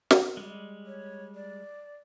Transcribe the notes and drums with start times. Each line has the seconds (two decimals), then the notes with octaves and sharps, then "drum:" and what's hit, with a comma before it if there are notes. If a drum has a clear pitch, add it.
0.11 drum: snare
0.37 G3 G#3
0.87 C#5
1.35 D5